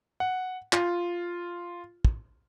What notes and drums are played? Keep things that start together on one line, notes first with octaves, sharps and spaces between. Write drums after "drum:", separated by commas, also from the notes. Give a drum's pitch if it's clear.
F#5
F4, drum: clap
drum: kick